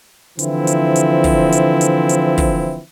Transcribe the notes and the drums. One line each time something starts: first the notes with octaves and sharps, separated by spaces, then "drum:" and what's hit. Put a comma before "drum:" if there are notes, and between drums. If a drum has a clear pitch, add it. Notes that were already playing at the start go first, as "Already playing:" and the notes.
D3 E3 F3 C4 E4, drum: hi-hat
drum: hi-hat
drum: hi-hat
drum: kick, open hi-hat
drum: hi-hat
drum: hi-hat
drum: hi-hat
drum: kick, open hi-hat